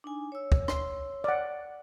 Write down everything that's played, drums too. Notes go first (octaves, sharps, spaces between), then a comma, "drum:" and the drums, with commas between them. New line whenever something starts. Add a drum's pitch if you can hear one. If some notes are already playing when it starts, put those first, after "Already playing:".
D4 D#4 G#5
C#5 E6
drum: kick
C6, drum: rim click
D5 F#5